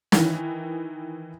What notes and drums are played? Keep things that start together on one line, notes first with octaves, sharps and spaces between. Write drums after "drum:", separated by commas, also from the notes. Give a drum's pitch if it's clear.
D#3 E3, drum: snare